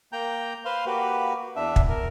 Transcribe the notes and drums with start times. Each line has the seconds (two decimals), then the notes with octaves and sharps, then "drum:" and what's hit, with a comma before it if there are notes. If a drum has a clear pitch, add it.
0.13 A#3 G5 A#5 G6
0.65 B4 C5 F5 C6
0.86 A#3 F#4 G4 B4
1.56 E2 D4 E5
1.76 drum: kick
1.89 A#4